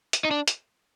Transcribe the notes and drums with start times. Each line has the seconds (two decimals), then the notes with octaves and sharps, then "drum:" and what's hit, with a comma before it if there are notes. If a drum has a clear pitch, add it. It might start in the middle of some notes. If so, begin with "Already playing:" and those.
0.13 drum: hi-hat
0.25 D#4
0.31 D4
0.48 drum: hi-hat